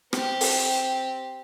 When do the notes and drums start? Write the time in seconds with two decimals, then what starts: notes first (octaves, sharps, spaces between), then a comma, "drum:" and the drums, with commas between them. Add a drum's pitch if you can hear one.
0.13 C4 G4, drum: rim click
0.41 drum: open hi-hat